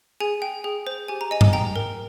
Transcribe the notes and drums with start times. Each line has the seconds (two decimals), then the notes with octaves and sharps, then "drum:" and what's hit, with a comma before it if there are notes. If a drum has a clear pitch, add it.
0.20 G#4 G#5
0.42 G5
0.64 G#4
0.87 C5
1.08 G4 G#5
1.21 A#5
1.31 D#5 G#5
1.41 drum: tom G2
1.53 G5 A#5
1.76 A#4